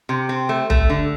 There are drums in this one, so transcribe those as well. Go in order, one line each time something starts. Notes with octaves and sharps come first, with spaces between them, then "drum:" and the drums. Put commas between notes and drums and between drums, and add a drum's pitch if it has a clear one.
C3
C4
A3
A3, drum: tom
D3